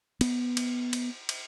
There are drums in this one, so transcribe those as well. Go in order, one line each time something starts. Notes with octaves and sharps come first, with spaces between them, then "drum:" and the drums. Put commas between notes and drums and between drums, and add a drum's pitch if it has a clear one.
B3, drum: cymbal
drum: cymbal
drum: cymbal
drum: cymbal